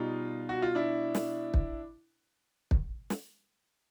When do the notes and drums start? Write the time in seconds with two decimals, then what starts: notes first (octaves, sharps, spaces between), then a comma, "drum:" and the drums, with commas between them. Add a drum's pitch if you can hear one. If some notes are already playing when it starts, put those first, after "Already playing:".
Already playing: B2 G3 D#4 F4
0.49 F#4
0.62 F4
0.75 D4 E4
1.15 drum: snare
1.54 drum: kick
2.71 drum: kick
3.10 drum: snare